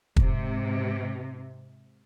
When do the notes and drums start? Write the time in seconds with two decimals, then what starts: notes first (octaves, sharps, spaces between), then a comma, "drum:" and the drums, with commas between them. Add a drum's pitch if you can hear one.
0.16 G#2 C3, drum: kick